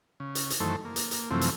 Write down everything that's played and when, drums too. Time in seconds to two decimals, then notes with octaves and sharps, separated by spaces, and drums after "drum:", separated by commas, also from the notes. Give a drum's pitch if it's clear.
0.20 C#3
0.35 drum: hi-hat
0.50 drum: hi-hat
0.60 F#2 D#3 E3 A3 A4 C5
0.85 A#3
0.96 drum: hi-hat
1.11 drum: hi-hat
1.31 F#2 C3 E3 F3 A3 C4
1.41 drum: hi-hat